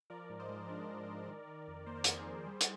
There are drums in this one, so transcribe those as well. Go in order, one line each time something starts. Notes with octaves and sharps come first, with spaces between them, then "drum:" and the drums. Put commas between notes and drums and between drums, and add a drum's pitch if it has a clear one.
F3 A#4 D5
G#2
C5 D#5
G#3
D4 A#4 D5
G#3
G#3
D#3
D#3
F2
A#3 C5
A#4
F2 G#4 C5, drum: hi-hat
F2
G3
drum: hi-hat